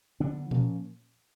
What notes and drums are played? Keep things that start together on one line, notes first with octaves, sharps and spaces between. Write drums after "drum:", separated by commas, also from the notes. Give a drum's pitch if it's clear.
D3 F#3 B3 D4
F3 A#3 C#4, drum: tom A#2